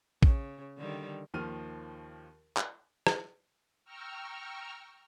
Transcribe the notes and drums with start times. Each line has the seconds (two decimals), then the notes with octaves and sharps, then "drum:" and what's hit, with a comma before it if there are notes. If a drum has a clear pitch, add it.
0.23 C#3, drum: kick
0.77 D3 D#3 G3
1.34 D#2 D#3 F3 F6 D#7
2.57 drum: clap
3.07 drum: rim click
3.85 G5 A#5 C#6 E6 F6